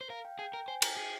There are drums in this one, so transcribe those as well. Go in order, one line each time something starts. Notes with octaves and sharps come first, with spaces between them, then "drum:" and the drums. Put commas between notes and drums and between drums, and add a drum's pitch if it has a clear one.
C5
A#4 F5
G5
G#4 G5
A#4 G5
C5 G#5
A#4 G5, drum: cymbal
G#4 G5